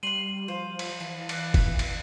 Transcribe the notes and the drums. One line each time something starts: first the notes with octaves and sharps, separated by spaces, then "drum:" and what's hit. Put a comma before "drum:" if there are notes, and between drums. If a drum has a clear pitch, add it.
G3 F5 C6 D#7 F#7
F3 C5 F5
drum: cymbal
E3 A5
B4 D5, drum: cymbal
drum: kick, cymbal
drum: cymbal